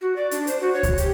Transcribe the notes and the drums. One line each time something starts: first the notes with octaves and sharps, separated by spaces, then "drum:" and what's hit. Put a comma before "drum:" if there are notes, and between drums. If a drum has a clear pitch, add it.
F#4
D5
D4, drum: hi-hat
C5, drum: hi-hat
F#4
C#5
drum: kick D2, hi-hat
G4, drum: hi-hat